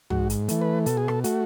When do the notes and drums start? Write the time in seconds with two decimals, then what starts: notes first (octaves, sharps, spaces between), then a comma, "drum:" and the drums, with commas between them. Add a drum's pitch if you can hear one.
0.10 G#2 F#4, drum: tom
0.30 drum: hi-hat
0.49 E3 A3, drum: hi-hat
0.61 B4
0.86 B2 A4, drum: hi-hat
0.97 G#4
1.08 A4, drum: rim click
1.24 A3 F#4, drum: hi-hat